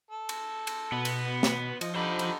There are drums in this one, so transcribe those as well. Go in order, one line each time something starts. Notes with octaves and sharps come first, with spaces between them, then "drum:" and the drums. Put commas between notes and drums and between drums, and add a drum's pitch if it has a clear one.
A4
drum: cymbal
drum: cymbal
B2 B3 B4
drum: cymbal
drum: snare
F3 D#5, drum: cymbal
D3 G3 D#4 C5 B5
drum: cymbal